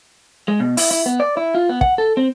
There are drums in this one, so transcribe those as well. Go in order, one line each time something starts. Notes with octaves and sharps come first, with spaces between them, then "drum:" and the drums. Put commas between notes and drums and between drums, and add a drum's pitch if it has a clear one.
G#3
B2
E4, drum: open hi-hat
E4
B3
D5
E4
F4
B3
F#5, drum: kick
A4
C4